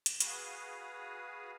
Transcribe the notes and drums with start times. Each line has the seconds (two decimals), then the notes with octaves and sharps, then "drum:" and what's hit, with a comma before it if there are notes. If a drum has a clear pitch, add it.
0.06 drum: hi-hat
0.20 F#4 G#4 B4 F5 D#6, drum: hi-hat